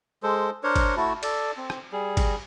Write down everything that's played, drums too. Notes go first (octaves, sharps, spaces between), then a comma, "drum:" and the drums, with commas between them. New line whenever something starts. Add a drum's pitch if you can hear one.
G#3 A4 C5
D4 A#4 C5 C#5
drum: kick, cymbal
A3 E4 F#4 A5
A4 D5, drum: cymbal
C4
drum: rim click
G3 G#4
drum: kick, cymbal